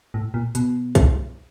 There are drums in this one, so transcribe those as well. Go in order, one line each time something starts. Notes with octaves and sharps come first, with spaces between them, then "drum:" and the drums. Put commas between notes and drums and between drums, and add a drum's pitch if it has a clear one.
A2
A#2
B2, drum: hi-hat
drum: kick A#1, hi-hat